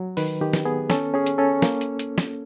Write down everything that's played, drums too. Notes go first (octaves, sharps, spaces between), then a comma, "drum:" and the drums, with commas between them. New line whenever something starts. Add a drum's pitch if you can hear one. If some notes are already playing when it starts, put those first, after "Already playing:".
Already playing: F#3
D#3 B4, drum: open hi-hat
D#3 G4
drum: snare
B3 G#4
C#4 A4, drum: snare
C#4 G#4
drum: hi-hat
C#4 A4
A#3, drum: snare
drum: hi-hat
drum: hi-hat
drum: snare